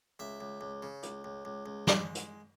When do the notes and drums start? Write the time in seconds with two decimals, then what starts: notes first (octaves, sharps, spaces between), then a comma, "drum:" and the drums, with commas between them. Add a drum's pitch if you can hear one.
0.19 C#2 E5
0.41 C#2
0.61 C#2
0.83 C#3
1.03 C#2, drum: hi-hat
1.24 C#2
1.45 C#2
1.66 C#2
1.87 G#3 D5, drum: snare
2.15 drum: hi-hat